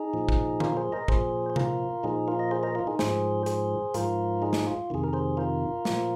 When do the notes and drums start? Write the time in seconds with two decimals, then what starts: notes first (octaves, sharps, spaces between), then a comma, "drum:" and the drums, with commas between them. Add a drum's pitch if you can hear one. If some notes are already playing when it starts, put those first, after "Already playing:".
Already playing: D#4 G#4
0.13 A#2 F3
0.29 drum: kick
0.60 F4 A#4, drum: tom D3
0.77 G#4 C5
0.92 A#4 D#5
1.08 A#2 F3 G#4 C5, drum: kick
1.50 C5
1.56 F4 A#4, drum: tom C3
2.03 A#2 F3 D#4 G#4
2.28 F4 A#4
2.39 D#5
2.51 G#4 C5
2.63 A#4 D#5
2.75 F4 A#4
2.87 D#4 G#4
2.99 G#2 F3 G#4 C5, drum: snare
3.46 G#4 C5, drum: hi-hat
3.94 G#2 F3 F4 A#4, drum: hi-hat
4.42 D#4 G#4
4.53 drum: snare
4.66 F4
4.90 F2 C3 D#3 G#4
5.04 A#4
5.13 G#4 C5
5.37 F4 A#4
5.85 A#2 F3, drum: snare